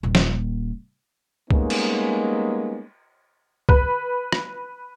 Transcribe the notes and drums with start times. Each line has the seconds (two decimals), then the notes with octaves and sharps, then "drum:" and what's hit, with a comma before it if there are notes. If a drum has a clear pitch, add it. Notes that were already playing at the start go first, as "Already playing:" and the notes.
0.03 D#1 A#2
0.15 drum: snare
1.51 G3 G#3 A#3 B3 C#4 D#4, drum: kick
1.70 drum: cymbal
3.69 B4, drum: kick
4.32 drum: rim click